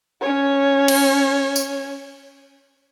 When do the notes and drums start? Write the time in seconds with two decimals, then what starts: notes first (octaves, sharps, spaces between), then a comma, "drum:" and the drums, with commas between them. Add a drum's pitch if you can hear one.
0.21 C#4 C#5
0.88 drum: cymbal
1.56 drum: tambourine